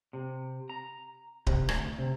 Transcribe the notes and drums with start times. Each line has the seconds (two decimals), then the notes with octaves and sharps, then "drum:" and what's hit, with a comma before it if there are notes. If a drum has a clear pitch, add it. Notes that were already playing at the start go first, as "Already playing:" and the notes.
0.13 C3
0.70 A#5
1.47 C3, drum: kick D1
1.69 D2, drum: rim click
1.98 C3